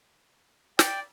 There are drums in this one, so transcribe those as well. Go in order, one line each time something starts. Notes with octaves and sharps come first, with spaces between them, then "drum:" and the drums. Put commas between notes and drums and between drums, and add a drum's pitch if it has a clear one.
D5 G5, drum: snare